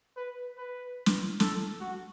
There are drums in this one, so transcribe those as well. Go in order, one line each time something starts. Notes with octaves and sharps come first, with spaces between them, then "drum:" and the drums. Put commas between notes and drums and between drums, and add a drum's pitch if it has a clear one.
B4
B4
drum: snare
A4, drum: snare
F#4